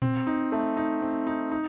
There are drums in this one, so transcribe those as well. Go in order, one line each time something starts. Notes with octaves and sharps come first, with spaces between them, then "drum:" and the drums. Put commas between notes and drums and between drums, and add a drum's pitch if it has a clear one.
C4, drum: tom A#2
D#4
A3
D#4
C4
D#4
D#4